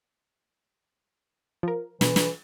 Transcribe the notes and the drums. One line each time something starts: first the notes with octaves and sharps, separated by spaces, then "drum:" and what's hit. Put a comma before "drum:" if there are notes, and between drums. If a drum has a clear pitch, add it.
F3 A#4
B2 E3, drum: snare
drum: snare